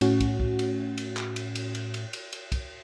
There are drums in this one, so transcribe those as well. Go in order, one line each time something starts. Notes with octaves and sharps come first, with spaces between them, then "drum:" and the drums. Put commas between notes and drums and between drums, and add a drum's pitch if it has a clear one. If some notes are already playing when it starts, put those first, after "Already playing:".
A2 C#4 F#4, drum: cymbal
drum: kick, cymbal
drum: kick
drum: cymbal
drum: cymbal
drum: clap
drum: cymbal
drum: cymbal
drum: cymbal
drum: cymbal
drum: cymbal
drum: cymbal
drum: kick, cymbal